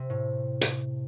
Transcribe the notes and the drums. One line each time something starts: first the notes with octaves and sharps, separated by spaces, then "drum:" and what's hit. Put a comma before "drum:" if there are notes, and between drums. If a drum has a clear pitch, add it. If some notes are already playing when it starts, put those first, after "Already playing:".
Already playing: C3
A2
drum: hi-hat